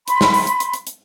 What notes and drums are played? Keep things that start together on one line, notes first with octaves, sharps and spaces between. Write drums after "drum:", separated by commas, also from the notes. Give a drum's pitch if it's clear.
B5 C6, drum: hi-hat
drum: snare
drum: open hi-hat
drum: hi-hat
drum: hi-hat
drum: hi-hat
drum: hi-hat